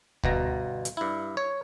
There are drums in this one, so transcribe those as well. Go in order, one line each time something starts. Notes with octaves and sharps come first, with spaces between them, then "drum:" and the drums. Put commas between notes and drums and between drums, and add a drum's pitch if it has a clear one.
G1 B2 A#5, drum: kick D2
drum: hi-hat
G2 E4
C#5